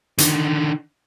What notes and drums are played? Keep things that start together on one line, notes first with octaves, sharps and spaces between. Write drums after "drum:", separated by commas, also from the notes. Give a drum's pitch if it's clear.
D3 D#3, drum: hi-hat